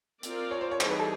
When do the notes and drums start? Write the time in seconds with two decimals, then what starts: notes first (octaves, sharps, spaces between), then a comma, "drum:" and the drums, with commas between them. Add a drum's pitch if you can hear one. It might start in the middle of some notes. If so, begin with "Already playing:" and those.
0.23 C4 F4 A#4 D5, drum: hi-hat
0.51 C#5
0.61 C5
0.71 C#5
0.81 E3 G3 C4 D#4 G#4 C5, drum: clap
0.91 B4
0.99 A4